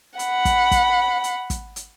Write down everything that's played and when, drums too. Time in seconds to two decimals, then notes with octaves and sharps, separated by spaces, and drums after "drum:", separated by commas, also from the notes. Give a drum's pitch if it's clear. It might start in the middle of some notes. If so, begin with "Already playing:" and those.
0.19 F#5 B5, drum: hi-hat
0.45 drum: kick, hi-hat
0.71 drum: kick, hi-hat
1.24 drum: hi-hat
1.50 drum: kick, hi-hat
1.76 drum: hi-hat